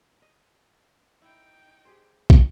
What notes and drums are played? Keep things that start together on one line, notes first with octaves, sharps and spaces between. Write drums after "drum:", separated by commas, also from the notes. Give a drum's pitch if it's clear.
D#5
D#4 E4 G5
G4 G#4 C5
drum: kick